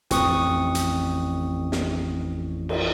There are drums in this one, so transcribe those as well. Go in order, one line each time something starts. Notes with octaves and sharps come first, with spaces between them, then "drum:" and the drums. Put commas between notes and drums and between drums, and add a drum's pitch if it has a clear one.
A1 F2 C4 C#6 D#6, drum: hi-hat
drum: hi-hat
drum: snare
drum: cymbal